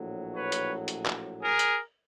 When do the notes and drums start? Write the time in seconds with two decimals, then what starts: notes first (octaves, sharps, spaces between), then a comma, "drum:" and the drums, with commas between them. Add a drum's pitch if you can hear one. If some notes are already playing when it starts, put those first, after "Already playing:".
Already playing: A#1 A2 F#3
0.34 B4 C#5
0.52 drum: hi-hat
0.88 drum: hi-hat
1.06 drum: clap
1.41 G#4 A#4
1.59 drum: hi-hat